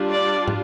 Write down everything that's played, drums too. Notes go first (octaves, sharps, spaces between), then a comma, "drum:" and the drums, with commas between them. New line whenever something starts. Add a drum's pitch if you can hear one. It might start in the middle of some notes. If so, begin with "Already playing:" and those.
Already playing: G3 D4 F4
D5
drum: tom